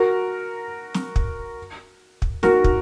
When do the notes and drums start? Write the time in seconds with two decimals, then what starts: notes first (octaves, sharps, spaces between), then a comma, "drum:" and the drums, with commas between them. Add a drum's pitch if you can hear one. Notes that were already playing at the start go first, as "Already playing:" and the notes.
Already playing: F#4 A#4
0.94 drum: snare
1.16 drum: kick
2.22 drum: kick
2.43 F#4 A#4, drum: snare
2.64 drum: kick